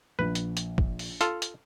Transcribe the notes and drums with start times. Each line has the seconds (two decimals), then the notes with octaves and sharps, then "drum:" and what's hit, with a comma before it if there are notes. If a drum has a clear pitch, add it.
0.19 A#1 B4
0.35 drum: hi-hat
0.57 drum: hi-hat
0.78 drum: kick
0.99 drum: open hi-hat
1.21 F4 A4, drum: hi-hat
1.42 drum: hi-hat